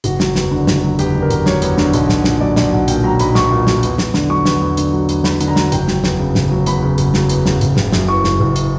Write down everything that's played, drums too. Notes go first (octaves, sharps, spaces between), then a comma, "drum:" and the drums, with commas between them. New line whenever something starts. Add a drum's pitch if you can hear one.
F#1 F#4, drum: hi-hat
F#3, drum: snare
E2, drum: snare
D3
F#1, drum: snare
F#3
E2 G4, drum: hi-hat
D3
A#4
F#1, drum: hi-hat
F#3 C#5, drum: snare
E2, drum: hi-hat
D3, drum: snare
B1, drum: hi-hat
B1, drum: snare
A#2, drum: snare
F#3 D5
B1 D5, drum: snare
B1 F#5
A#2 G5, drum: hi-hat
F#3 A#5
B1 B5, drum: hi-hat
B1 C#6, drum: snare
A#2
F#3, drum: snare
E2, drum: hi-hat
E2, drum: snare
D3, drum: snare
F#3 C#6
E2, drum: snare
E2
D3, drum: hi-hat
F#3
E2, drum: hi-hat
E2 B5, drum: snare
D3, drum: hi-hat
A#5
F#3, drum: snare
F#1 G5, drum: hi-hat
F#3, drum: snare
E2, drum: snare
C#3
F#1, drum: snare
F#3
E2 B5, drum: hi-hat
C#3
F#1, drum: hi-hat
F#3, drum: snare
E2, drum: hi-hat
C#3, drum: snare
F#1, drum: hi-hat
F#1, drum: snare
F#2, drum: snare
E3 C#6
F#1, drum: snare
F#1
drum: hi-hat